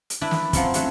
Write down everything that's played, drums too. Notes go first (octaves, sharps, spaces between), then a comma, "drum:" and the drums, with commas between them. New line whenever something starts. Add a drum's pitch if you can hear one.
drum: hi-hat
D4 E4 B4 D5
drum: snare
F3 F#3 C4 C#4, drum: kick, hi-hat
F#3 A3 D4, drum: hi-hat